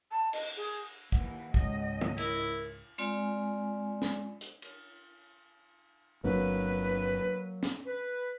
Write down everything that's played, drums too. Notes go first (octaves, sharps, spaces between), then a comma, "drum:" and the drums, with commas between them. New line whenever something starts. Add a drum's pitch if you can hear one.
A5
D#5, drum: cymbal
G#4
D#2 E3 F#5, drum: kick
C#2 G#2 D#5, drum: kick
drum: tom
E4 A#4, drum: cymbal
G#3 C4 F4 D5 G#5
drum: snare
drum: hi-hat
drum: cymbal
G1 F#3 A#3 C4 D4 B4
drum: snare
B4